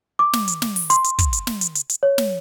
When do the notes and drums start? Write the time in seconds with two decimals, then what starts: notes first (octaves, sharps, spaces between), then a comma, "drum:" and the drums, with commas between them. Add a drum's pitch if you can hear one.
0.19 D6
0.33 drum: snare
0.48 drum: hi-hat
0.62 drum: snare
0.76 drum: open hi-hat
0.90 C6, drum: hi-hat
1.04 drum: hi-hat
1.19 drum: kick, hi-hat
1.33 drum: hi-hat
1.47 drum: snare
1.61 drum: hi-hat
1.75 drum: hi-hat
1.89 drum: hi-hat
2.03 C#5
2.18 drum: snare